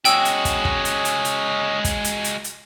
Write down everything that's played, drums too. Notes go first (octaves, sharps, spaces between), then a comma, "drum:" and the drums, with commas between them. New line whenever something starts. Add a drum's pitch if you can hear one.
G#3 C#4 F#4 D#5 G5 E6, drum: hi-hat
drum: hi-hat
drum: kick, hi-hat
drum: kick
drum: hi-hat
drum: hi-hat
drum: hi-hat
drum: kick, hi-hat
drum: hi-hat
drum: hi-hat
drum: hi-hat